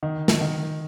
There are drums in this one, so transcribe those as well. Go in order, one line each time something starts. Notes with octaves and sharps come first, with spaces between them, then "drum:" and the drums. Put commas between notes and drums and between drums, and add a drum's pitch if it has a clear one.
D#3
drum: snare
D#3